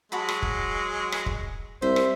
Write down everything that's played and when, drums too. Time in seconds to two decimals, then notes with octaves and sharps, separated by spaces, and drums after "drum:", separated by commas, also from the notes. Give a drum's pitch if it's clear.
0.12 F#3 G#3 F#4 A5 B5
0.29 drum: rim click
0.43 drum: kick
1.12 drum: rim click
1.26 drum: kick
1.82 C2 C5 E5
1.96 drum: rim click